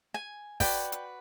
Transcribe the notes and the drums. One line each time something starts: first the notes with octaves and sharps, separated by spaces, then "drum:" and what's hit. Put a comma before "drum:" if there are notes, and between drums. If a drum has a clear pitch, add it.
G#5
F#4 B4 D5 G5, drum: kick, open hi-hat
drum: hi-hat